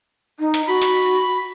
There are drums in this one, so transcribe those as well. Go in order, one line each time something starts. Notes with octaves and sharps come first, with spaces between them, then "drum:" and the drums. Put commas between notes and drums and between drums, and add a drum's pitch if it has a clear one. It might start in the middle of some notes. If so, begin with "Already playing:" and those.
D#4
drum: hi-hat
F#4 B5
drum: hi-hat